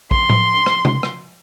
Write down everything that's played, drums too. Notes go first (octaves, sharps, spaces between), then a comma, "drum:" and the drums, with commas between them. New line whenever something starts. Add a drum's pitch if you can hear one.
C6, drum: kick
drum: tom A2
drum: rim click
drum: tom C3
drum: rim click